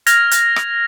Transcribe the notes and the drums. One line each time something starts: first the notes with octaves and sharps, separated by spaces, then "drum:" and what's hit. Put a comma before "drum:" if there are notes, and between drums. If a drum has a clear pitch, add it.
F6 G#6 A#6 F7, drum: hi-hat
drum: hi-hat
drum: rim click